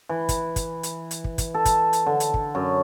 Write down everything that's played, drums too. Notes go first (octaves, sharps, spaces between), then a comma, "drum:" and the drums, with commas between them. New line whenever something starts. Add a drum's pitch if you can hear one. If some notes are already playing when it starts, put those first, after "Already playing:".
E3
drum: kick, hi-hat
drum: kick, hi-hat
drum: hi-hat
drum: hi-hat
drum: kick
drum: kick, hi-hat
A4
drum: kick, hi-hat
drum: hi-hat
D3
drum: hi-hat
drum: kick
F#2